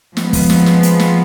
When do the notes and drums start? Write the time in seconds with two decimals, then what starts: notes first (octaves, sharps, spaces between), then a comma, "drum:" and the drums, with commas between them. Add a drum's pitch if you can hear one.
0.17 F3 G#3 B3, drum: snare
0.33 drum: kick, open hi-hat
0.50 drum: snare
0.66 drum: snare
0.83 drum: hi-hat
1.00 drum: snare